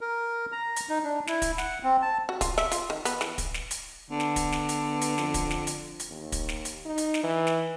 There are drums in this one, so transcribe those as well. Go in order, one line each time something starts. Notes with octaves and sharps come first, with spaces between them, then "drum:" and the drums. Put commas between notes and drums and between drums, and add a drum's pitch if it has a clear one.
A#4
A#5
drum: hi-hat
D#4
D4
E4, drum: snare
drum: kick, hi-hat
F#5, drum: snare
C4
A5
F#4
F4, drum: kick, hi-hat
E5, drum: snare
F4, drum: hi-hat
D#3
B3, drum: hi-hat
E3, drum: snare
drum: kick, hi-hat
drum: snare
drum: hi-hat
D3 B3
drum: snare
drum: kick, hi-hat
drum: snare
drum: hi-hat
drum: hi-hat
F2, drum: snare
drum: kick, hi-hat
drum: snare
drum: hi-hat
drum: hi-hat
D#2
drum: kick, hi-hat
drum: snare
drum: hi-hat
D#4
drum: hi-hat
drum: snare
E3
drum: snare